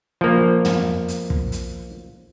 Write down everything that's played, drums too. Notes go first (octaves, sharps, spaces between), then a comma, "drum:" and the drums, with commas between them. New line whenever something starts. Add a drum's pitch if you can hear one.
F3 A#3
drum: tom
drum: hi-hat
drum: kick
drum: hi-hat